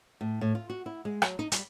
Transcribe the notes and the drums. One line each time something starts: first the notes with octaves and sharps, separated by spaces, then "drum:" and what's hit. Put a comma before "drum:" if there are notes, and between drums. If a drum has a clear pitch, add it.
A2
A2
F4
F#4
E4
G#3
F#3, drum: rim click
D#4
G3, drum: hi-hat